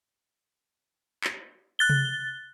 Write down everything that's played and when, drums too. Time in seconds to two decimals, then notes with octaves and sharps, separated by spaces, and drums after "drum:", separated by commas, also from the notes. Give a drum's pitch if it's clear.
1.24 drum: clap
1.79 F#6 A6 G7
1.89 drum: tom C3